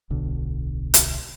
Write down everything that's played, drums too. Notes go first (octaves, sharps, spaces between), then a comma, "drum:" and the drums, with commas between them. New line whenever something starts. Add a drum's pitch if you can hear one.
D1 B1 D3
drum: hi-hat